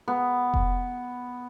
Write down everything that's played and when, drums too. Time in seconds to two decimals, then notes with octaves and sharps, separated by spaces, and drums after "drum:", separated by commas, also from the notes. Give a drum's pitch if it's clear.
0.08 B3
0.54 drum: kick F1